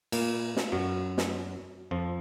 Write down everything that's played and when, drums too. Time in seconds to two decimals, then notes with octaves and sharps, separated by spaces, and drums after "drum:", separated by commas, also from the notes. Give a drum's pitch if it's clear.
0.12 A#2 A#3, drum: cymbal
0.57 drum: snare
0.72 F#2 F#3
1.18 drum: snare
1.91 F2 F3